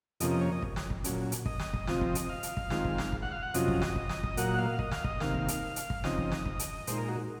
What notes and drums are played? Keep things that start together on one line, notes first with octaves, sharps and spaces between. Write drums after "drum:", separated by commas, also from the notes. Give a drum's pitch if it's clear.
F2 C3 F3 A#3 C#4 D#5, drum: hi-hat
D#5
C#5
D#5
drum: kick
drum: snare
drum: kick
A#2 F#3 C#4, drum: hi-hat
drum: hi-hat
D#5, drum: kick
drum: snare
drum: kick
C3 F3 C4 F4, drum: snare
drum: kick
drum: hi-hat
F5
drum: hi-hat
drum: kick
D#3 G#3 C4 F4, drum: snare
drum: kick
drum: snare
drum: kick
F#5
F5
F#5
F2 C3 F#3 C#4 F4 D#5, drum: hi-hat
drum: kick
drum: snare
drum: kick
drum: snare
drum: kick
A#2 F#3 A#3 F#5, drum: hi-hat
F5
D#5, drum: kick
F5, drum: snare
D#5, drum: kick
C3 D#3 A#3 F5, drum: snare
drum: kick
drum: hi-hat
drum: hi-hat
drum: kick
C#3 F3 C4 D#4 D#5, drum: snare
drum: kick
drum: snare
drum: kick
drum: hi-hat
A#2 G#3 D#4 C5, drum: hi-hat
A#4
F#4